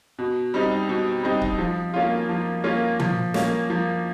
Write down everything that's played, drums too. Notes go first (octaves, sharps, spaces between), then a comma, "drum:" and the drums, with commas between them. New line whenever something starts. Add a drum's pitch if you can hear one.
B2
G3 C4 D#4
B2
G3 C4 D#4
drum: kick C#1
F3
A#3 C#4 F4
F3
A#3 C#4 F4
F3, drum: tom
A#3 C#4, drum: snare
F3